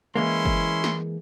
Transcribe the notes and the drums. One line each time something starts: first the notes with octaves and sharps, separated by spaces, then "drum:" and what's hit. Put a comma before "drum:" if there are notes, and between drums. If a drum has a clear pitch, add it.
E3 G#3 A#3 C#4 E4 C6
drum: kick F#1
drum: snare